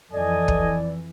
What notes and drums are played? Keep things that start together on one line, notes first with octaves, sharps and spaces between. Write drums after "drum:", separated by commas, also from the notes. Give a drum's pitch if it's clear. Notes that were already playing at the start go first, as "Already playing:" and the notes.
F2 E3 A4 D5 D#5 G#5
drum: kick